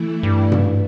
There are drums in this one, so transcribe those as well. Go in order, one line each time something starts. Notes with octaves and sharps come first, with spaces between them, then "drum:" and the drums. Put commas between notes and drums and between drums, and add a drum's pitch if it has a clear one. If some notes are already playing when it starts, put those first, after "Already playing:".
Already playing: E3 A3 E4
G2
drum: tom G#2